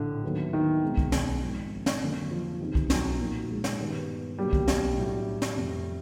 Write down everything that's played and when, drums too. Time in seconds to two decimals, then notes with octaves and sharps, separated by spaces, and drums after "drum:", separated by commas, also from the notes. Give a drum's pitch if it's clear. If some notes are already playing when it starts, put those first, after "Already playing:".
Already playing: A#1 A2 D3 A3 D4
0.23 D#2 D#3 F#3 B3
0.53 D#3
0.83 B2 G#3 C4 D#4
0.97 drum: kick B1
1.12 drum: snare
1.42 G#1 G#2 F3
1.86 drum: snare
2.01 F2 D3 F#3 A#3
2.31 F3
2.60 E2 B2 G3 C4 D#4
2.75 drum: kick B1
2.90 F#3, drum: snare
3.20 A#2 F3 A#3 D#4 F#4
3.50 G#3
3.64 drum: snare
3.79 G2 D#3 G3 B3
4.38 B2 F#3 G3 A#3 D4
4.53 drum: kick B1
4.68 drum: snare
4.97 A2 F#3 A3 D4 F#4
5.42 drum: snare
5.57 F1 F2 C3